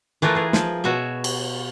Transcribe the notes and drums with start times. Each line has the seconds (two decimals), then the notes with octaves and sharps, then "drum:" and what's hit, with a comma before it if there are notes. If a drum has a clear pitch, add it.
0.22 E3 A3 F4 A#4 B4
0.35 G#4 A#4
0.53 F3, drum: snare
0.84 B2 F#4 C#5 E5
1.24 drum: cymbal